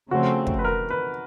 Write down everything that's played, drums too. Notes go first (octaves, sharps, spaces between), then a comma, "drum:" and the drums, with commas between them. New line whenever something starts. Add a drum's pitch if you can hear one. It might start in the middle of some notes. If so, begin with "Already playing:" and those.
C#3 F3 A3 C4 F#4
drum: kick
B4
A#4
B4